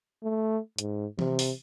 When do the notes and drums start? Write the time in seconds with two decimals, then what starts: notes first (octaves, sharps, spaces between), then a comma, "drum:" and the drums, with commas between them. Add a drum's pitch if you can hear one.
0.23 A3
0.78 G#2, drum: hi-hat
1.19 C3, drum: tom E3
1.39 drum: open hi-hat